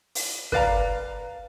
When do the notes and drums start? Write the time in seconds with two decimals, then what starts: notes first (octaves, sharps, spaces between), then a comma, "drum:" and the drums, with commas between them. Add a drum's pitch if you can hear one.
0.15 drum: open hi-hat
0.52 B4 D5 F5 A#5, drum: kick